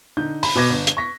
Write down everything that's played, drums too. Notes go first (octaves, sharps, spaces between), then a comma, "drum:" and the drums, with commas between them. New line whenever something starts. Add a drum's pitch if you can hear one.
D3 D#4 G6
B5, drum: open hi-hat
B2 B3 D6 G#6 A#6
G1
drum: hi-hat
C#6 A#6 B6